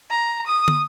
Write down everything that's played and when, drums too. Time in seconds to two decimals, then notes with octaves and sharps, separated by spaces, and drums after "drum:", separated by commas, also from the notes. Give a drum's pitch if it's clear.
0.11 A#5
0.46 D#6
0.68 drum: tom